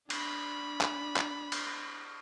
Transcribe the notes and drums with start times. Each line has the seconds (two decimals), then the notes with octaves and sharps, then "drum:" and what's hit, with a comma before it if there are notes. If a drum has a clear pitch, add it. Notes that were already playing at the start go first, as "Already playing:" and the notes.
0.10 D4 B5, drum: cymbal
0.81 drum: clap
1.17 drum: clap
1.52 drum: cymbal